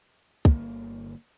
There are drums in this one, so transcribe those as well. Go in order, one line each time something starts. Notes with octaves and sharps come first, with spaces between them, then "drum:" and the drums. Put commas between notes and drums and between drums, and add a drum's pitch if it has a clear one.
G1 D3 A#3, drum: kick